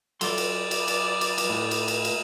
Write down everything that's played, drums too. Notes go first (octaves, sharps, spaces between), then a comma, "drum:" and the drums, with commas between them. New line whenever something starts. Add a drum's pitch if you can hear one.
F#3 A4 D5 C6, drum: cymbal
drum: cymbal
drum: cymbal
drum: cymbal
drum: cymbal
drum: cymbal
A2
drum: cymbal
drum: cymbal
drum: cymbal